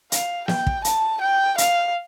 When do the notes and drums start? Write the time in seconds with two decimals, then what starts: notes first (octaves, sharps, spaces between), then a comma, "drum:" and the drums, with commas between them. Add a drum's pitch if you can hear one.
0.12 F5, drum: hi-hat
0.48 G5, drum: snare
0.67 drum: kick
0.85 A5, drum: hi-hat
1.21 G5
1.58 F5, drum: hi-hat